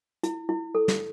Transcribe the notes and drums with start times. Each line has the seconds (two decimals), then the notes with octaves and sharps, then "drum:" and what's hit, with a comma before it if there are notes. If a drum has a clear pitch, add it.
0.23 E4, drum: hi-hat
0.49 E4
0.75 A4
0.88 drum: snare